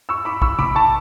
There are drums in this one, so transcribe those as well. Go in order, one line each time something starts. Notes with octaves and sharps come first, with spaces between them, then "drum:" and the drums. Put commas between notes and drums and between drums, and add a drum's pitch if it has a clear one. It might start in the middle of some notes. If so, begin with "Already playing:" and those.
C#6 E6
B5 D6
C#6 E6, drum: kick A#1
B5 D6, drum: tom C3
A5 C#6